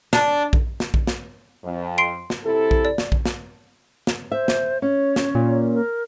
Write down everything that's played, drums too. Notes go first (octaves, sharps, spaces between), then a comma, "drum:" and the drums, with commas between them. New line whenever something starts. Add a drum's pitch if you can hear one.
D4, drum: snare
drum: kick A#1
drum: snare
drum: kick A#1
drum: snare
F2
C6 C7 D7
drum: snare
C3 E4 A4
drum: kick A#1
D5
drum: snare
drum: kick A#1
drum: snare
drum: snare
C5 E5
drum: snare
C#4 C#5
drum: snare
A#2
A#4